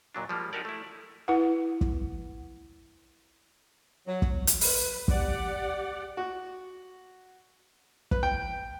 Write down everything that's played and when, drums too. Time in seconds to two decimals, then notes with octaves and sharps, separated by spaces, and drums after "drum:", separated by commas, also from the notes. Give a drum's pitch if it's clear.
0.15 D#2 A#2 F#3 D4
0.29 F3 G3 G#3 A#3
0.53 D#4 F#4 G4 A#4 D5
0.65 A3 E4
1.28 E4 B4 F#5
1.81 drum: kick
4.07 F#3
4.22 drum: kick
4.47 drum: hi-hat
4.61 B4, drum: open hi-hat
5.08 G4 D5 F#5, drum: kick
6.17 F#4
8.11 B4, drum: kick
8.23 G5